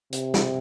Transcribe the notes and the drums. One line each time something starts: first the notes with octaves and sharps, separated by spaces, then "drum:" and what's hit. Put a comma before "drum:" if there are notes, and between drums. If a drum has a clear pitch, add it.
C3, drum: hi-hat
drum: snare